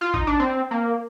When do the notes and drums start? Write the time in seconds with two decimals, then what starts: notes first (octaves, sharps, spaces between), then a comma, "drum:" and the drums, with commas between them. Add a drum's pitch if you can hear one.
0.01 F4
0.14 D#4, drum: kick
0.27 D4
0.40 C4
0.71 A#3